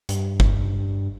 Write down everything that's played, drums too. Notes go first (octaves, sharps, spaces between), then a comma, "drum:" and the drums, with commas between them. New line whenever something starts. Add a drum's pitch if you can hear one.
G2, drum: hi-hat
drum: kick G1